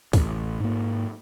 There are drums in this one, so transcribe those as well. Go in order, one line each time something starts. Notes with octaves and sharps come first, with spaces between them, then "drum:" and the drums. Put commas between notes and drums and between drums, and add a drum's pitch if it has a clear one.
A1, drum: kick, open hi-hat
G#2 A#3